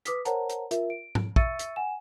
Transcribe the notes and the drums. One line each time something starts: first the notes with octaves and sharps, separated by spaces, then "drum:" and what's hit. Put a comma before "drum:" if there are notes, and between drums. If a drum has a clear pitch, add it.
B4 D6 D#6 F6 B6, drum: hi-hat
A#4 C5 C#5 F#5 A5 A#5, drum: hi-hat
drum: hi-hat
F4 A#4 E5, drum: hi-hat
D7
drum: tom G#2
E5 C#6 E6 A6 C#7 D#7, drum: kick
drum: hi-hat
F#5 G#5 E7